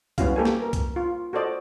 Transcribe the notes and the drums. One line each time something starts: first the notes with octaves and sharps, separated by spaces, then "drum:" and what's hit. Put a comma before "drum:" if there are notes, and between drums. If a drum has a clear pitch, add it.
G3 B3 C#4 E4 F#4 F5, drum: kick C2, hi-hat
A#3 G4 A4 G#5
drum: snare
A#4
drum: kick C2, hi-hat
F4
F#4 A4 C5 D5 D#5